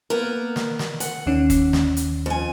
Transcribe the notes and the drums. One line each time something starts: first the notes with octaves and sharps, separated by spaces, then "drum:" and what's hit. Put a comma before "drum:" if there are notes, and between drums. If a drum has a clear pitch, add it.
A#3 B3 A#4
drum: snare
drum: snare
F#5, drum: hi-hat
D#2 D#3 C#4
drum: kick, hi-hat
drum: snare
drum: hi-hat
F2 G#5